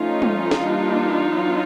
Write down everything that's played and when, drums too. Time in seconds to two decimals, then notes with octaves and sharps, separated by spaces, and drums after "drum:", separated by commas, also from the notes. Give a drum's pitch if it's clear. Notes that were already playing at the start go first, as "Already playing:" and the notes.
Already playing: F3 A3 C#4 D#4 F4
0.22 drum: tom G3
0.51 drum: snare
0.61 E3 G3 A#3 D4
1.31 F#3 B3 D4